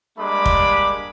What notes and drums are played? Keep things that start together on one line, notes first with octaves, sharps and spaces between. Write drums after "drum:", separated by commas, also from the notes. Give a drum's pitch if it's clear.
G3 G#3 A#3 D4 B5 D6
drum: kick